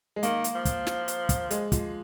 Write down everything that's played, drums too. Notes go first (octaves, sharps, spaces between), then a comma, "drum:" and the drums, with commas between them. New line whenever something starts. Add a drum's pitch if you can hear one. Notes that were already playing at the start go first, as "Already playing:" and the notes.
G#3
D#3 A#3, drum: hi-hat
drum: hi-hat
F3
drum: kick, hi-hat
drum: snare
drum: hi-hat
drum: kick, hi-hat
G#3, drum: hi-hat
F3, drum: kick, hi-hat